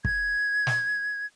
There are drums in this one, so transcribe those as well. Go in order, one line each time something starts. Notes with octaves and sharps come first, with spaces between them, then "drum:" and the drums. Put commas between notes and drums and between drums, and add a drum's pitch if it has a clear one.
G#6, drum: kick
drum: snare